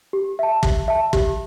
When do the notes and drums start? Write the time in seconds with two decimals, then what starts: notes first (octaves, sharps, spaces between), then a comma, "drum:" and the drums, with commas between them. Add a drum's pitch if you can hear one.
0.13 G4
0.39 E5 A5
0.63 G4, drum: kick
0.88 E5 A5
1.13 G4, drum: kick